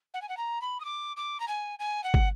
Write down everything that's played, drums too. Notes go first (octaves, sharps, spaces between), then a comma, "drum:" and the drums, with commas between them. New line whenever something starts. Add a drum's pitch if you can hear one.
F#5
G#5
F#5
A#5
B5
D#6
D6
D6
A#5
G#5
G#5
F#5
drum: kick